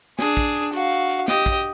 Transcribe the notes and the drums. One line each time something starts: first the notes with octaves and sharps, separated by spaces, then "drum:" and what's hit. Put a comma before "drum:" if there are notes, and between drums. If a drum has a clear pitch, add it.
D4 G#4, drum: snare
drum: kick, hi-hat
drum: hi-hat
F#4 F5, drum: hi-hat
drum: hi-hat
drum: hi-hat
G4 D#5, drum: snare
drum: kick, hi-hat